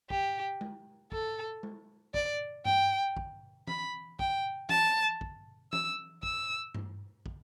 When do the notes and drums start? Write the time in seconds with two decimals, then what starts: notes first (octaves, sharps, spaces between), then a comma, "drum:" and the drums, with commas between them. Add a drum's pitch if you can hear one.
0.10 G4, drum: kick
0.61 drum: tom G#3
1.12 A4, drum: kick
1.63 drum: tom G#3
2.14 D5, drum: kick
2.65 G5, drum: tom G2
3.17 drum: kick
3.67 B5, drum: tom E3
4.19 G5, drum: kick
4.69 A5, drum: tom E3
5.21 drum: kick
5.73 E6, drum: tom E3
6.23 E6, drum: kick
6.74 drum: tom G2
7.26 drum: kick